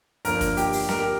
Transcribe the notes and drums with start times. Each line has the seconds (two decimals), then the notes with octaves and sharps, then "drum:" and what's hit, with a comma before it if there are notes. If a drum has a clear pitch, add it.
0.25 G1 G2 F3 A#3 A#4, drum: hi-hat
0.41 drum: kick, hi-hat
0.57 G4, drum: hi-hat
0.73 drum: open hi-hat
0.89 A#4, drum: snare
0.98 G4